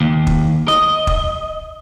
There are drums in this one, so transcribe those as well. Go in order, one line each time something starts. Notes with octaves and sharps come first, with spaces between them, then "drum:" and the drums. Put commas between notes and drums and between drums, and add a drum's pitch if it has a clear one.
D#2
drum: kick
D#5, drum: snare
drum: kick